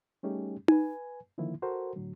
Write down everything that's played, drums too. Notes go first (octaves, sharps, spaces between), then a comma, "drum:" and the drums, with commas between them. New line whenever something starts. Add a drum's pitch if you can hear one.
G3 A3 C#4 D#4 G4 G#4
B4 G#5, drum: tom D#4
D3 D#3 F3 A#3 E4
F#4 A4 A#4 C5
A2 D3 F#3